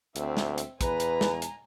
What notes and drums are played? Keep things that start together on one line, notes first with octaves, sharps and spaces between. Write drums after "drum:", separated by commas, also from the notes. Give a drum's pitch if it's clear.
D2 C4 E5, drum: hi-hat
drum: snare
drum: hi-hat
E2 B4 G#5 A#5, drum: kick, hi-hat
drum: hi-hat
drum: snare
drum: hi-hat